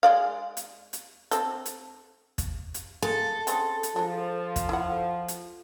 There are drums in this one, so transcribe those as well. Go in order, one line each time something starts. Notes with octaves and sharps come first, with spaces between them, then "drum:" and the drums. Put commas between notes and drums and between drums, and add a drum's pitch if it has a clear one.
G#3 D5 F5
drum: hi-hat
drum: hi-hat
C4 A4, drum: hi-hat
drum: hi-hat
drum: kick, hi-hat
drum: hi-hat
G#3 A#3 A4
C#3 C4 D4, drum: hi-hat
drum: hi-hat
F3 G#3 D4
drum: kick, hi-hat
E4 F#5
drum: hi-hat